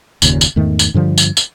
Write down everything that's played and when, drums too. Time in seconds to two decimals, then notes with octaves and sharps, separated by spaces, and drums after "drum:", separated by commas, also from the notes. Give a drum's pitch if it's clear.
0.22 F#1 D#2 A#2 C#3, drum: tambourine
0.41 drum: tambourine
0.56 E2 G#2 D#3 A3
0.79 drum: tambourine
0.94 G2 D3 F3 G3
1.18 drum: tambourine
1.37 drum: tambourine